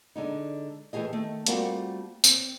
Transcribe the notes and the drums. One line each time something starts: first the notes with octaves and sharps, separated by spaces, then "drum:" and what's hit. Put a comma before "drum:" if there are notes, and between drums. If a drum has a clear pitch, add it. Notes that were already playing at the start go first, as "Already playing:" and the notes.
D3 G#3 D#4
E3 A3 G4 G#4 D#5
D#3 A3
G3 A3 A#3 C4 F4 F#4, drum: hi-hat
C4, drum: tambourine